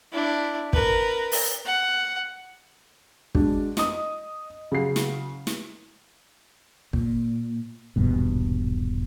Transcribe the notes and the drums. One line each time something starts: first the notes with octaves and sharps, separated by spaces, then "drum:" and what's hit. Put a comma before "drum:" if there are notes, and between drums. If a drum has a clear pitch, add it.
D4 E4
A#4 B4, drum: kick
drum: open hi-hat
F#5
G#3 D4 F#4, drum: kick
D#5 D#6, drum: snare
C#3 F#3 C7
drum: snare
drum: snare
A#2, drum: kick
D#1 A1 G2 B2